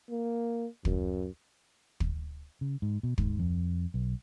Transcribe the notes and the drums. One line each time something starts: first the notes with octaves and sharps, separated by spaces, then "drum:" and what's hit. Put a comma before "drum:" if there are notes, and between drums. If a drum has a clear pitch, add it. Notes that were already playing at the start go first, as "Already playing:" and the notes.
A#3
F#2, drum: kick
drum: kick
C#3
G#2
B2
G#2, drum: kick
F2
B1